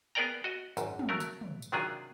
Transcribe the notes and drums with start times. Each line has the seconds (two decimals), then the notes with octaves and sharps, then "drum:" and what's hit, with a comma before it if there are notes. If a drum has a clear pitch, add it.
0.15 B3 G#4 A#4 D5 G5 A#5
0.44 F#4 D#5
0.77 G#1 F#2, drum: tambourine
0.99 drum: tom
1.09 F#3 A3 A#4
1.20 drum: tambourine
1.41 drum: tom
1.62 drum: tambourine
1.72 C3 D#3 F#3 D4 F4 G#4